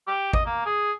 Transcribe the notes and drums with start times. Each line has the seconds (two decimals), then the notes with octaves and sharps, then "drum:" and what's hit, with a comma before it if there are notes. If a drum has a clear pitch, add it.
0.08 G4
0.33 D#5, drum: kick A1
0.46 A#3
0.66 G#4